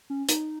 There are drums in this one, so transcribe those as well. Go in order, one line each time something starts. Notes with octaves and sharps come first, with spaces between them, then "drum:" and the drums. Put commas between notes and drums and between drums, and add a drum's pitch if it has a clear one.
C#4
D#4, drum: hi-hat